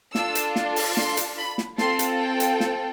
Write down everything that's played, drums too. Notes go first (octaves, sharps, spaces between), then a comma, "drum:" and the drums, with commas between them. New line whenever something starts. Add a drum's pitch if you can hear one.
D4 F4 A4 E6, drum: snare
drum: hi-hat
drum: snare
drum: open hi-hat
C6, drum: snare
drum: hi-hat
B5
drum: snare
C4 F4 A4 C6, drum: snare
drum: hi-hat
G5
drum: hi-hat
drum: snare